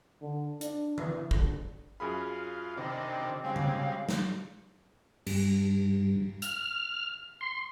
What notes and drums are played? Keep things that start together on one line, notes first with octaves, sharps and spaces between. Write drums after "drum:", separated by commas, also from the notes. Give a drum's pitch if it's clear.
D3
D4, drum: hi-hat
E3, drum: tom D#3
D3, drum: kick
F#2 F4 G#4 B5
C3 D#3 C4 D4
C#3 G3 G#3 F5
drum: tom C#3
drum: snare
G2, drum: cymbal
F6, drum: hi-hat
C6